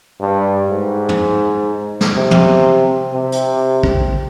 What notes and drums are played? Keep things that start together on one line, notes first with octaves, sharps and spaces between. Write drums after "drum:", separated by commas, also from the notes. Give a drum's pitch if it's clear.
G2
G#2
drum: tom
drum: snare
C3
drum: tom
C3
drum: hi-hat
drum: kick